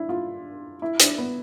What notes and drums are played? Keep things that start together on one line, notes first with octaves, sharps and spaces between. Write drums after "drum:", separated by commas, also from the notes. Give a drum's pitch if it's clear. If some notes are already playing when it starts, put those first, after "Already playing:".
Already playing: D4 E4
F4
E4
D4, drum: hi-hat
B3